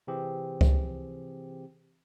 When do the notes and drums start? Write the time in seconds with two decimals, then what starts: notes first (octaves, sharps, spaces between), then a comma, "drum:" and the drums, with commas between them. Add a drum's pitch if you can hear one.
0.07 C3 E3 C4 G4 G#4
0.61 drum: kick C#2